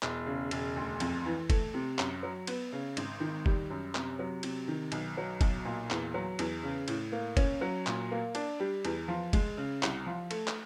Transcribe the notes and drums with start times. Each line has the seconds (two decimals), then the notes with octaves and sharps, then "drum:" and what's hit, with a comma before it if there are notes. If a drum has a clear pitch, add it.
0.03 E1, drum: clap
0.26 C#3
0.51 E1, drum: cymbal
0.76 D2
1.00 F2, drum: cymbal
1.25 E3
1.50 A3, drum: kick, cymbal
1.74 C3
1.99 F#2, drum: clap
2.23 F#3
2.47 B3, drum: cymbal
2.72 C#3
2.97 G#1, drum: cymbal
3.20 D#3
3.46 G3, drum: kick
3.70 F#2
3.95 C3, drum: clap
4.19 F#3
4.43 C3, drum: cymbal
4.68 D#3
4.92 B1, drum: cymbal
5.17 F#3
5.41 B1, drum: kick, cymbal
5.65 A#2
5.90 E2, drum: clap
6.14 F#3
6.39 E2, drum: cymbal
6.63 C#3
6.88 A2, drum: cymbal
7.12 A#3
7.37 C#4, drum: kick, cymbal
7.61 F#3
7.87 A#2, drum: clap
8.11 A#3
8.35 D4, drum: cymbal
8.60 G3
8.85 E2, drum: cymbal
9.08 F3
9.33 G#3, drum: kick, cymbal
9.57 C#3
9.83 C2, drum: clap
10.06 F3
10.31 A3, drum: cymbal
10.48 drum: clap